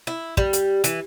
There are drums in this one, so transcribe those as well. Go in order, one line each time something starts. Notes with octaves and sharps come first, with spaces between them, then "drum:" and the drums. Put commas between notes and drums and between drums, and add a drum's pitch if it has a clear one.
E4
G3, drum: kick
drum: hi-hat
E3, drum: hi-hat